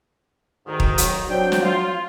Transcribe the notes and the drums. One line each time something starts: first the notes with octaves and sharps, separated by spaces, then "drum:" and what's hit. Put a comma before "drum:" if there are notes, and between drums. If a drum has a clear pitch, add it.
D2 G#2 D#3
drum: kick D#1
F#3, drum: hi-hat
F#3 C4 D4 G5
drum: snare
F4